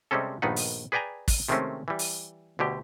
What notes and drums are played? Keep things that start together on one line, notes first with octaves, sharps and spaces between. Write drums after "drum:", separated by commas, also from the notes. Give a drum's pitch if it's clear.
C3 G3 G#3 C4 C#4 A4
A#1 G2 D#3 B3 D#4 F#5
drum: open hi-hat
G#4 B4 D5 G5 G#5 A#5
drum: kick, open hi-hat
C3 D#3 G#3 A3 C4 C#4
E3 G3
drum: open hi-hat
D2 B2 D3 G4